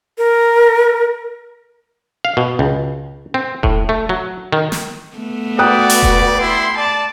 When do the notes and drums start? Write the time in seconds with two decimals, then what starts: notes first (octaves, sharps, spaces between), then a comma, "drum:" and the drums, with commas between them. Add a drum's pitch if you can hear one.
0.18 A#4
2.25 F5
2.37 B2
2.59 C#2
3.34 C4
3.63 A2, drum: kick E1
3.89 A3
4.09 F#3
4.52 D#3
4.72 drum: snare
5.17 A3 B3
5.59 F#4 B4 D5 G5 D#6 F#6
5.90 drum: open hi-hat
6.03 drum: kick E1
6.41 E4 C6
6.77 D5 A5